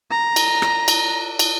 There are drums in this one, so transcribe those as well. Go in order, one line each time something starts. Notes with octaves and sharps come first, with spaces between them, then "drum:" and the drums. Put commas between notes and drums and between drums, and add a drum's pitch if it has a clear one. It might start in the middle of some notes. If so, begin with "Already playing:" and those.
A#5
drum: cymbal
drum: rim click
drum: cymbal
drum: cymbal